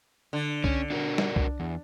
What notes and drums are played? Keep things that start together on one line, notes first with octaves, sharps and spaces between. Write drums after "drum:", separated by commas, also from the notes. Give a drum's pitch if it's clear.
D3
C#4, drum: kick C2
D4 F#4 A#4
drum: snare
drum: kick C2
E2